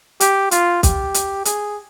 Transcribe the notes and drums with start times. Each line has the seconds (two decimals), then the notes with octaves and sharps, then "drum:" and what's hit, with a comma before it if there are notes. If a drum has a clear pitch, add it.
0.20 G4, drum: hi-hat
0.51 F4, drum: hi-hat
0.83 G4, drum: kick, hi-hat
1.14 drum: hi-hat
1.45 G#4, drum: hi-hat